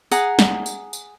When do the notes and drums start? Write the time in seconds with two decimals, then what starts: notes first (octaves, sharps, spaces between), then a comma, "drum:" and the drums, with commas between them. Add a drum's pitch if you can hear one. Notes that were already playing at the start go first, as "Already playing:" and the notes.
0.12 G#4 F#5 A#5 D#6, drum: tambourine
0.39 drum: snare
0.66 drum: tambourine
0.93 drum: tambourine